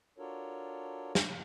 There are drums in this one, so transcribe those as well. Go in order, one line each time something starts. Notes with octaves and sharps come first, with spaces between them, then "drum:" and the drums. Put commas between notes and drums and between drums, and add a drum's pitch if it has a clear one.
D4 F4 F#4 A4 A#4 C#5
drum: snare